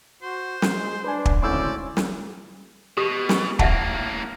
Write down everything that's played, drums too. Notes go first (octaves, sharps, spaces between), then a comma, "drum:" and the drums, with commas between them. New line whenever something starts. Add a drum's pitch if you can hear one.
F#4 C5
drum: snare
G#3
D4 B4 G#5
drum: kick
G#1 D2 C#4 E4 D5 C6 E6 G6
drum: snare
B2 G4 D#6
drum: snare
A2 A#3 E5 F#5 A5, drum: kick